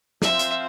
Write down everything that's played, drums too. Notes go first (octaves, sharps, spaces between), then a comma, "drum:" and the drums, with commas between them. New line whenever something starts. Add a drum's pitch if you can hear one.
F3 C4 F4 C5 E5, drum: snare
drum: hi-hat